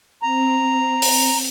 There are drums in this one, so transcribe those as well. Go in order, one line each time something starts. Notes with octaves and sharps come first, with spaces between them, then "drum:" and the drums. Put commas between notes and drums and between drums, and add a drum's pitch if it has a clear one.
C4 A#5
drum: open hi-hat